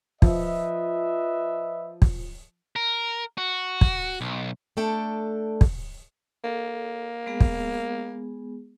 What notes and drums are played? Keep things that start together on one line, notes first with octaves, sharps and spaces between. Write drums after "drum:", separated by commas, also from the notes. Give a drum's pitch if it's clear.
F3 B4 D#5 E5, drum: kick
drum: kick
A#4
F#4
drum: kick
B1
A3 D4 A4 G5
drum: kick
A#3 A4
G#3 B3 G#4
drum: kick